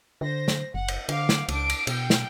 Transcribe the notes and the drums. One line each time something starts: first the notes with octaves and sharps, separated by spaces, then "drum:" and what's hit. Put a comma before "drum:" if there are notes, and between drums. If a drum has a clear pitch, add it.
D3 C5 A#6
drum: snare
F#1 F#5
drum: cymbal
D3 F5 D6, drum: cymbal
drum: snare
C#2 D4 D7, drum: cymbal
drum: cymbal
B2 G5, drum: cymbal
drum: snare